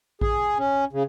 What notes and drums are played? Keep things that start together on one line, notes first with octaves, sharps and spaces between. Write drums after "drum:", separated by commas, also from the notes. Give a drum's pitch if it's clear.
G#4, drum: kick A1
C#4
C#3